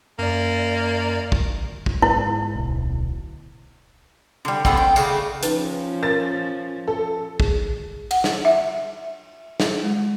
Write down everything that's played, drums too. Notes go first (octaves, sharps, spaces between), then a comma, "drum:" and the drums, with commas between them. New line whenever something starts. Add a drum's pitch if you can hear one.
F#2 A#3 D5
drum: kick
drum: kick
G#2 E4
D1 B1
D3 G3
D3 A3 B3 C4, drum: kick
G5
C#3 A3 D4, drum: tambourine
F3 C#4 D#4 B4, drum: hi-hat
A#4 A6
A4
G#4, drum: kick
F#5, drum: cymbal
drum: snare
E5
drum: snare
G#3